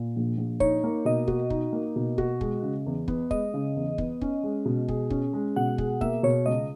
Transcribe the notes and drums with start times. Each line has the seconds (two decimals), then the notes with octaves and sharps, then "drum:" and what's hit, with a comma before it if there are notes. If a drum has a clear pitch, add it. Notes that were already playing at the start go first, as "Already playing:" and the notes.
Already playing: A#2
0.16 A#1
0.37 A#1
0.60 D#4 C#5, drum: kick
0.84 A#3
1.05 B2 D#5
1.28 F#4, drum: kick
1.50 D#4, drum: kick
1.73 A#3
1.96 B2
2.18 F#4, drum: kick
2.41 G#3, drum: kick
2.63 C#3
2.86 E2
3.08 B3, drum: kick
3.31 G#3 D#5, drum: kick
3.54 C#3
3.76 E2
3.98 B3, drum: kick
4.21 C#4, drum: kick
4.43 G#3
4.65 B2
4.88 G#4, drum: kick
5.10 C#4, drum: kick
5.33 G#3
5.56 B2 F#5
5.78 G#4, drum: kick
6.01 A#3 E5, drum: kick
6.23 B2 C#5
6.46 C#2 D#5